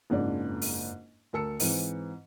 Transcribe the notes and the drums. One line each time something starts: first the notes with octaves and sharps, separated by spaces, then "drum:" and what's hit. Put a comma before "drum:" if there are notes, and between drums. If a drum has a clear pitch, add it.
F#1 F2 G#2 C#3 D4 D5
drum: open hi-hat
D2 A#4 A5 E6 C#7
G#2 E3 C4, drum: open hi-hat